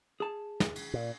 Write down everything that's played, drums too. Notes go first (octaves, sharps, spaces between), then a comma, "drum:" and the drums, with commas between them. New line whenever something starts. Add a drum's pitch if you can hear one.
G#4 A5
drum: snare
drum: cymbal
A#2